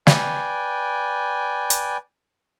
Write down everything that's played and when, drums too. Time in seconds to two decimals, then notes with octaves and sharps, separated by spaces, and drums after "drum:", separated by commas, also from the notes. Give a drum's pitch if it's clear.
0.07 B4 D5 G5 G#5, drum: snare
1.70 drum: hi-hat